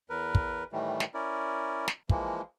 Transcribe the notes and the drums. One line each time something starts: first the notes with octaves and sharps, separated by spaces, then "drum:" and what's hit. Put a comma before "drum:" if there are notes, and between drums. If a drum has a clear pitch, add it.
E2 A#4 B4
drum: kick
A2 D#3 E3 G3 A3
drum: snare
C#4 E4 A#4 D5
drum: snare
E3 F3 G#3 A#3, drum: kick